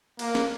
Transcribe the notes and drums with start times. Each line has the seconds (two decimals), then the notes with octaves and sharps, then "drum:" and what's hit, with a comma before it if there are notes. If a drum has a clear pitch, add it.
0.19 A#3, drum: cymbal
0.35 drum: snare